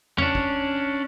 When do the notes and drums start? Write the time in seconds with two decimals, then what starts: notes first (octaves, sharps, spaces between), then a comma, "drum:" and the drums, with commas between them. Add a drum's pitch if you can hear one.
0.18 C#4 D4, drum: tom E2
0.35 drum: kick